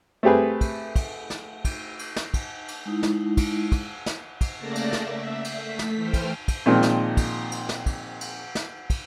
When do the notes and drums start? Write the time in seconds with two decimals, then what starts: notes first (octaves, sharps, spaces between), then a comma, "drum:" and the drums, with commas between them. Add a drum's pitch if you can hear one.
0.23 A3 C4 G4 G#4 B4
0.61 drum: kick, cymbal
0.96 drum: kick, cymbal
1.30 drum: snare
1.65 drum: kick, cymbal
1.99 drum: cymbal
2.16 drum: snare
2.34 drum: kick, cymbal
2.68 drum: cymbal
2.85 G#3 D#4 E4
3.03 drum: snare
3.37 drum: kick, cymbal
3.72 drum: kick, cymbal
4.06 drum: snare
4.41 drum: kick, cymbal
4.58 C#3 A3 A#3 D5 A5 A#6
4.75 drum: cymbal
4.93 drum: snare
5.02 E5
5.44 drum: cymbal
5.54 A3 B6
5.79 drum: snare
5.95 E3 A3 C5 G5 F6
6.14 drum: kick, cymbal
6.48 drum: kick, cymbal
6.66 A#2 D#3 F3 G#3 C4
6.83 drum: snare
7.17 drum: kick, cymbal
7.52 drum: cymbal
7.69 drum: snare
7.86 drum: kick, cymbal
8.21 drum: cymbal
8.55 drum: snare
8.90 drum: kick, cymbal